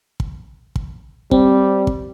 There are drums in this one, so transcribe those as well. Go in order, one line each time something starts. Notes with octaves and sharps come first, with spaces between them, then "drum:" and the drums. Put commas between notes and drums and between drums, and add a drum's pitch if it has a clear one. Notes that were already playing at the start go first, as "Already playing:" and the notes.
drum: kick
drum: kick
G3 C4, drum: kick
drum: kick